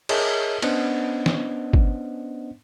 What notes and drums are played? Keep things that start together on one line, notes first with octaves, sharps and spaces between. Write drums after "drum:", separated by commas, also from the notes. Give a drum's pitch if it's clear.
G#4 A#4 C#5 D#5 E5 A5, drum: cymbal
B3 C#4 D4 C5 D#5 F#5, drum: cymbal
drum: snare
drum: kick G1